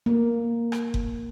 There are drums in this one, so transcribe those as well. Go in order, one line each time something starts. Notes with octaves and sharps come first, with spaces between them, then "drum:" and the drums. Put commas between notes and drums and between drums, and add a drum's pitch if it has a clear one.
A#3
drum: rim click
drum: kick F#1